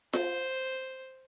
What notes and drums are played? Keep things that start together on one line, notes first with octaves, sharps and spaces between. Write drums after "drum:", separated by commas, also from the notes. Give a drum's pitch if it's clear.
C5, drum: snare F4